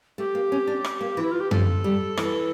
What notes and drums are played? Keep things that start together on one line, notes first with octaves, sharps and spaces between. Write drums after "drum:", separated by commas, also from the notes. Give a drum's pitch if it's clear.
A3 G4
A#3
C#4
D4
drum: rim click
A#3
E3
E4
F4
G4
F3 A4, drum: tom F#2
G3
E3, drum: rim click